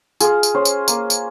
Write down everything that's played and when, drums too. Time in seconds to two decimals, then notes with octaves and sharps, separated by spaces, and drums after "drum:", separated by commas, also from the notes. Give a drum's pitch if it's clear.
0.20 F4 G#4, drum: tambourine
0.43 drum: tambourine
0.54 C#4 C5
0.65 drum: tambourine
0.88 A#3, drum: tambourine
1.10 drum: tambourine